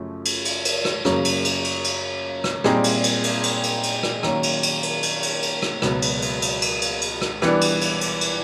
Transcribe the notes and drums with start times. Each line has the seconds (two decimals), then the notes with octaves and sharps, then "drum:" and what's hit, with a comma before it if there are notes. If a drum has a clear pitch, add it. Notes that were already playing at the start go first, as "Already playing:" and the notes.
Already playing: F#2 C#3 F3 A3 C#4
0.25 drum: cymbal
0.45 drum: cymbal
0.65 drum: cymbal
0.85 drum: rim click
1.05 F#2 C#3 F#3 A#3 C#4, drum: rim click
1.25 drum: cymbal
1.45 drum: cymbal
1.64 drum: cymbal
1.84 drum: cymbal
2.44 drum: rim click
2.64 A#2 G3 C4 D#4 G#4, drum: rim click
2.84 drum: cymbal
3.04 drum: cymbal
3.24 drum: cymbal
3.43 drum: cymbal
3.63 drum: cymbal
3.83 drum: cymbal
4.03 drum: rim click
4.23 D#3 F#3 A#3 C#4, drum: rim click
4.43 drum: cymbal
4.63 drum: cymbal
4.83 drum: cymbal
5.03 drum: cymbal
5.23 drum: cymbal
5.42 drum: cymbal
5.62 drum: rim click
5.82 C#2 B2 F#3 B3, drum: rim click
6.02 drum: cymbal
6.22 drum: cymbal
6.42 drum: cymbal
6.62 drum: cymbal
6.82 drum: cymbal
7.02 drum: cymbal
7.21 drum: rim click
7.42 E3 G3 B3 D4, drum: rim click
7.61 drum: cymbal
7.81 drum: cymbal
8.01 drum: cymbal
8.21 drum: cymbal